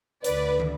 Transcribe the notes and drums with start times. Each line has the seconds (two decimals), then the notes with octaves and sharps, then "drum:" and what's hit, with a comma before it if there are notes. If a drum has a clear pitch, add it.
0.24 D2 D3 B4 D5, drum: hi-hat
0.60 drum: tom